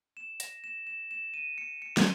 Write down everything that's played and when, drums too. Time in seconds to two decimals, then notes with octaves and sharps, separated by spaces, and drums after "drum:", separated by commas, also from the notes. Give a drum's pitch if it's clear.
0.17 E7
0.40 A#6, drum: hi-hat
0.64 E7
0.87 E7
1.11 E7
1.34 D#7
1.58 C#7
1.82 C#7
1.97 drum: snare